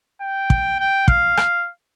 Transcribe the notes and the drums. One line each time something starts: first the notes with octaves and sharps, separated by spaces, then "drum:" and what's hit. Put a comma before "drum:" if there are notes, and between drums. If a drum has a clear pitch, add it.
G5
drum: kick
G5
F5, drum: kick
drum: rim click